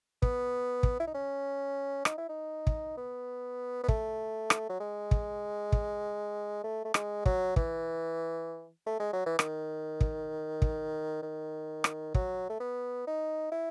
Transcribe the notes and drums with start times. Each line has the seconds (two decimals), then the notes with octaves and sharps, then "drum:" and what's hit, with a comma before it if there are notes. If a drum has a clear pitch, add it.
0.22 B3, drum: kick
0.83 drum: kick
1.00 E4
1.07 D#4
1.14 C#4
2.05 D#4, drum: rim click
2.18 E4
2.29 D#4
2.67 drum: kick
2.97 B3
3.84 B3
3.88 A3, drum: kick
4.50 drum: rim click
4.69 F#3
4.80 G#3
5.11 drum: kick
5.72 drum: kick
6.64 A3
6.85 A3
6.94 G#3, drum: rim click
7.26 F#3, drum: kick
7.56 E3, drum: kick
8.86 A3
9.00 G#3
9.13 F#3
9.26 E3
9.39 D#3, drum: rim click
10.01 drum: kick
10.62 drum: kick
11.22 D#3
11.84 drum: rim click
12.15 F#3, drum: kick
12.50 A3
12.60 B3
13.07 D#4
13.52 E4